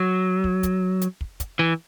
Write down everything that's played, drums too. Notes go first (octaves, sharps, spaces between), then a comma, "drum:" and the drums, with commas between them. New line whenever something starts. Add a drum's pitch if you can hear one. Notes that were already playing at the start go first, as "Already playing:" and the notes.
Already playing: F#3
drum: kick
drum: kick, hi-hat
drum: hi-hat
drum: kick
drum: kick, hi-hat
E3